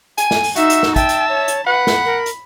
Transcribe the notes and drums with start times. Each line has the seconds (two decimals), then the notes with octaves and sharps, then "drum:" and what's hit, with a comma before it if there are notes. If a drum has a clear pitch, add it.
0.18 G#5, drum: hi-hat
0.31 drum: snare
0.44 drum: open hi-hat
0.56 D#4 F#4 E5 E6, drum: hi-hat
0.70 drum: hi-hat
0.83 drum: snare
0.96 E5 G5 A5, drum: kick, hi-hat
1.09 drum: hi-hat
1.29 C#5
1.48 drum: hi-hat
1.67 B4 F#5 B5
1.87 drum: snare
2.06 A#4
2.26 drum: hi-hat